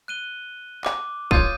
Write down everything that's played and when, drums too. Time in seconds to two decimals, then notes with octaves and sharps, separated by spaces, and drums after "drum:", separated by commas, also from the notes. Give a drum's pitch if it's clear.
0.08 F#6 D#7 G7
0.85 D6, drum: clap
1.31 D1 F4 C#5 D#6 G6 A6 D#7, drum: kick A#1